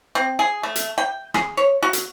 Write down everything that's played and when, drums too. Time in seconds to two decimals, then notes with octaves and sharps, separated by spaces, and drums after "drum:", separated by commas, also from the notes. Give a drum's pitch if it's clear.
0.15 C4
0.39 G#4
0.63 A3
0.75 drum: hi-hat
0.98 G5
1.34 G#4, drum: rim click
1.57 C#5
1.83 F#4
1.93 drum: hi-hat